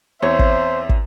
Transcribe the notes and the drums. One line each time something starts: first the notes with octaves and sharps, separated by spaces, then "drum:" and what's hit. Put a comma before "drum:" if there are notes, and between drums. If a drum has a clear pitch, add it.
E2 C4 C5 C#5 E5
drum: kick
drum: kick